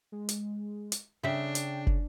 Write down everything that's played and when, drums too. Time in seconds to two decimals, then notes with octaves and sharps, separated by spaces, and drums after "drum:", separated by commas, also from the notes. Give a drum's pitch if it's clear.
0.12 G#3
0.29 drum: hi-hat
0.92 drum: hi-hat
1.23 C#3 D4 E5 G5
1.55 drum: hi-hat
1.87 drum: kick